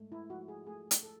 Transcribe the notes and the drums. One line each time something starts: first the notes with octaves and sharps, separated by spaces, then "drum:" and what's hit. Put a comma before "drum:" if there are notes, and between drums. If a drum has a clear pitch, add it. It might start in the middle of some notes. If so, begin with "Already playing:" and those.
Already playing: G#2 A3
E4
F3 F#4
G#4
A3 G#4
drum: hi-hat
A4